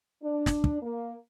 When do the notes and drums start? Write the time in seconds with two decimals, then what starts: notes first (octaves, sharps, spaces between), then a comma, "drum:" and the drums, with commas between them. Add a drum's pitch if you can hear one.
0.23 D4
0.46 drum: snare
0.64 drum: kick
0.82 A#3